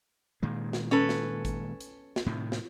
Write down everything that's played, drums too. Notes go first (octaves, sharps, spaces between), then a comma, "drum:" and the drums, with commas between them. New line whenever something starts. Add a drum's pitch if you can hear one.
A#2 D#3 G#3
drum: snare
C#4 A4 B4
drum: snare
drum: kick G#1, hi-hat
drum: hi-hat
drum: snare
A2 C3 D#3
drum: snare